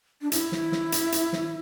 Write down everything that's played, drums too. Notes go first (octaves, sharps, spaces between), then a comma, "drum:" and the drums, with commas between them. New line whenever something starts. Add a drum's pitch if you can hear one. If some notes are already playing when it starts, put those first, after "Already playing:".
D4
E4, drum: hi-hat
drum: snare
drum: snare
drum: hi-hat
drum: hi-hat
drum: snare